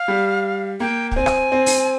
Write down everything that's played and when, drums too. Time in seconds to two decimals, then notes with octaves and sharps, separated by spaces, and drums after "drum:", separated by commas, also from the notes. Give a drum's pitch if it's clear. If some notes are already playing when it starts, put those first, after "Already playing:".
Already playing: F5
0.08 G3
0.80 A#3 G5
1.12 G5, drum: kick
1.16 C4 G#5
1.26 drum: rim click
1.52 C4
1.66 drum: open hi-hat